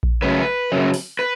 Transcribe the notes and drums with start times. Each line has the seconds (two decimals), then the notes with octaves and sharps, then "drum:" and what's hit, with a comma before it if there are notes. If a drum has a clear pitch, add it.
0.03 drum: kick A#1
0.22 F#2 C#3 F#3 B4
0.72 F#2 C#3 F#3
0.94 drum: open hi-hat
1.19 B4